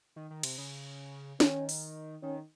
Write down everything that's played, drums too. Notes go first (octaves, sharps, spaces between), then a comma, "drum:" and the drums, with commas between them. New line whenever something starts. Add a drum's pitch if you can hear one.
D#3
D#3
C3, drum: cymbal
C#3
D#3 C#4, drum: snare
drum: open hi-hat
D#3 C#4